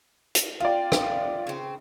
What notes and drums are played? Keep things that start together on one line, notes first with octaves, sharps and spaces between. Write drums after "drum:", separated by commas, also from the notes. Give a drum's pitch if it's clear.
drum: hi-hat
C4 F4 D5
drum: rim click
C#3 C4